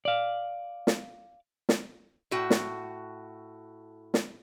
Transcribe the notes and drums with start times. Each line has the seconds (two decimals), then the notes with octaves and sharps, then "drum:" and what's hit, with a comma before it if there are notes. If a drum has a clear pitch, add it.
0.05 D5 F5
0.87 drum: snare
1.69 drum: snare
2.31 A2 F#4 G5
2.50 drum: snare
4.14 drum: snare